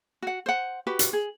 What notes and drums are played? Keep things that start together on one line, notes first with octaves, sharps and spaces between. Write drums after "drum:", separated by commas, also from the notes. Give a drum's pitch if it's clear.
F#4 F#5
C5 F#5
F#4 G4 B4
drum: hi-hat
G#4